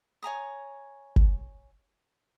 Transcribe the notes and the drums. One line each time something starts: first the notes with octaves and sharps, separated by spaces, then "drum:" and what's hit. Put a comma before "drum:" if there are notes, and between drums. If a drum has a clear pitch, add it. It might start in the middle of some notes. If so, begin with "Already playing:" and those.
C#5 G#5 A#5 D#6
drum: kick G1